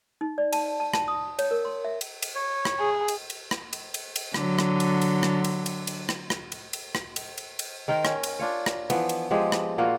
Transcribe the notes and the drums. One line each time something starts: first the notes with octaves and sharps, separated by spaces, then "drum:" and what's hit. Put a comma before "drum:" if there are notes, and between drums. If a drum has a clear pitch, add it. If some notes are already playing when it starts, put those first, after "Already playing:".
D#4
D5
A5, drum: cymbal
A5
A5, drum: rim click
D#6
C#5, drum: cymbal
A#4
C6
E5
drum: cymbal
drum: cymbal
C#5
drum: rim click
G#4
drum: cymbal
drum: cymbal
drum: rim click
drum: cymbal
drum: cymbal
drum: cymbal
D3 F#3, drum: rim click
drum: rim click
drum: cymbal
drum: cymbal
drum: rim click
drum: cymbal
drum: cymbal
drum: cymbal
drum: rim click
drum: rim click
drum: cymbal
drum: cymbal
drum: rim click
drum: cymbal
drum: cymbal
drum: cymbal
D#3 A#4 C5 G5
C#4, drum: rim click
drum: cymbal
D4 F4 C#5
drum: rim click
E3 F3 B3, drum: cymbal
drum: cymbal
F3 G#3 G4 G#4
drum: rim click
A#2 A#3 F4 F#4